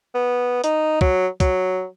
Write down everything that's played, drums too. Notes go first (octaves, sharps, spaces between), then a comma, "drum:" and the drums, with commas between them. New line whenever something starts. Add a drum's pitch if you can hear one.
B3
D#4, drum: hi-hat
F#3, drum: kick
F#3, drum: kick, hi-hat